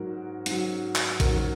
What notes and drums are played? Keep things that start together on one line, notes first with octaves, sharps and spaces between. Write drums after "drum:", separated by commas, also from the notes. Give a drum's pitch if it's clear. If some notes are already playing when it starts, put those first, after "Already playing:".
Already playing: G#2 F#3 F#4 A#4
G#2 F#3, drum: hi-hat
drum: clap
G#2 F#3 F#4 A#4, drum: kick, hi-hat